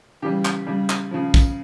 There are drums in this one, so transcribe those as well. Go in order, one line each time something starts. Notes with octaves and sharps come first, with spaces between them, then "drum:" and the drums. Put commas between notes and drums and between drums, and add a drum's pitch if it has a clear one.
C#3 E3 G3 G4
drum: clap
C#3 G3
drum: clap
C#3 F3
drum: kick, tambourine